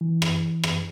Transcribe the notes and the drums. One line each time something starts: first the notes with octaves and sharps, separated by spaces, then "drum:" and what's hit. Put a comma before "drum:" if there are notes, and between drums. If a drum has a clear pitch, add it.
E3
drum: rim click
drum: rim click